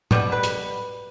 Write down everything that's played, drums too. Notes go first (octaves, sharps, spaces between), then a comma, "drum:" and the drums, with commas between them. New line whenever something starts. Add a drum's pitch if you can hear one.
B2 G3 B3 B4, drum: tom
B4
drum: hi-hat